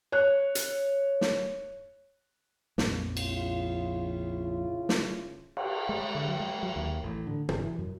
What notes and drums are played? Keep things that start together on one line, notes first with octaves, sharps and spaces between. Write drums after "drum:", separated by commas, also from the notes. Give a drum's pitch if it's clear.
C#5 F#6
drum: hi-hat
drum: snare
A#1 F2, drum: snare
C#3 E4 F4, drum: cymbal
drum: snare
drum: cymbal
G#3
D3
F#3
G#3
F#3
D#2
A1
D3
G1, drum: tom
E3
F#2